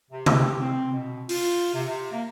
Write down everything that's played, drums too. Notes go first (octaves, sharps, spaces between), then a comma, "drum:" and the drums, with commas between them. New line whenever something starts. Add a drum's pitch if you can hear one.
C3
G4, drum: tom C3
C4
B2
F4, drum: open hi-hat
C3
C3
A#3